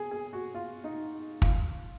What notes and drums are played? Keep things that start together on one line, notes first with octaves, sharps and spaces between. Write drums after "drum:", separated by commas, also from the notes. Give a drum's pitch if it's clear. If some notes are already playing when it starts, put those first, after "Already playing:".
Already playing: G#4
G#4
F#4
F4
D#4
F4, drum: kick